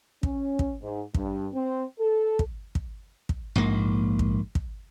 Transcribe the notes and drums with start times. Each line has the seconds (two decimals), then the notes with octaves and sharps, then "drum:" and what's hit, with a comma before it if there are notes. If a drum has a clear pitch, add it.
0.23 C#4, drum: kick
0.59 drum: kick
0.82 G#2
1.14 G2, drum: kick
1.53 C4
1.99 A4
2.39 drum: kick
2.75 drum: kick
3.29 drum: kick
3.56 A#1 G#2 A#3
4.19 drum: kick
4.55 drum: kick